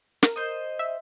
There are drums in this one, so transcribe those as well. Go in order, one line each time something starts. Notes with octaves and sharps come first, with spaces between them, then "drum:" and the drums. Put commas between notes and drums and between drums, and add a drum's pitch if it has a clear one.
A#4, drum: snare
C5 D#5
E5